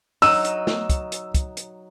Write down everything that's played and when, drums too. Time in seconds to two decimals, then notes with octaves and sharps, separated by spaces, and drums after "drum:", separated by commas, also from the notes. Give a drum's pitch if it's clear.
0.22 F#3 D#4 E6, drum: open hi-hat
0.45 drum: hi-hat
0.67 drum: snare
0.90 drum: kick, hi-hat
1.12 drum: hi-hat
1.34 drum: kick, hi-hat
1.57 drum: hi-hat